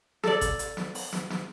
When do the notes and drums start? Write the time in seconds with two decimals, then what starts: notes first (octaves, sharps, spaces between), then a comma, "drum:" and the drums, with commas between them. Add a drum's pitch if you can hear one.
0.24 A4 D5, drum: snare
0.41 drum: kick, hi-hat
0.59 drum: hi-hat
0.77 drum: snare
0.95 drum: open hi-hat
1.13 drum: snare
1.30 drum: snare